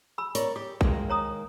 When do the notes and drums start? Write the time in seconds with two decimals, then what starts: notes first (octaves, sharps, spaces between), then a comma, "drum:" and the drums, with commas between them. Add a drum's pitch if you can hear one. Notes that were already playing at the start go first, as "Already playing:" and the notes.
0.18 B5 E6
0.35 A#4 C#5 D5, drum: open hi-hat
0.56 G4 D6
0.81 D#3 G#3 A#3, drum: kick
1.10 C#5 A#5 D#6